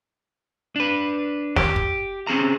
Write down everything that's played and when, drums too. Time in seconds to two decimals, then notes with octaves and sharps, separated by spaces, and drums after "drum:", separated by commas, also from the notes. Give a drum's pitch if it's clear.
0.76 D4 B4
1.56 G4, drum: snare
1.76 drum: kick
2.27 C4 C#4 G#4 A#5